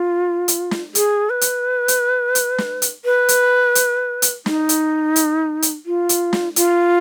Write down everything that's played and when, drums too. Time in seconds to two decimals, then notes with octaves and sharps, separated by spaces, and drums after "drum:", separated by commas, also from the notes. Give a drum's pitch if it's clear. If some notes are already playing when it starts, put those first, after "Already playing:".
Already playing: F4
0.48 drum: hi-hat
0.71 drum: snare
0.95 G#4, drum: hi-hat
1.30 B4
1.41 drum: hi-hat
1.88 drum: hi-hat
2.35 drum: hi-hat
2.58 drum: snare
2.82 drum: hi-hat
3.05 B4
3.29 drum: hi-hat
3.75 drum: hi-hat
4.22 drum: hi-hat
4.46 D#4, drum: snare
4.69 drum: hi-hat
5.16 drum: hi-hat
5.62 drum: hi-hat
5.86 F4
6.09 drum: hi-hat
6.33 drum: snare
6.56 F4, drum: hi-hat